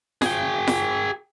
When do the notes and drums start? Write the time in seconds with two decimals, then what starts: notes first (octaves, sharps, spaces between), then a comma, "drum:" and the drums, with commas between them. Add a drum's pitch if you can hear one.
0.22 G#4 G5, drum: snare F4
0.67 drum: snare F4